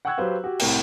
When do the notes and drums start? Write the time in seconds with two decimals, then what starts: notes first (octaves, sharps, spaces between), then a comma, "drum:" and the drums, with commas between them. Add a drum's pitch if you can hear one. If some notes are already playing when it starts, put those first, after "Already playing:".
0.05 F#5 G5 C#6 E6 F#6 G#6
0.18 F#3 G4 B4 C5 F5
0.44 F#4 G4
0.59 C2 A2 A#4 G5, drum: cymbal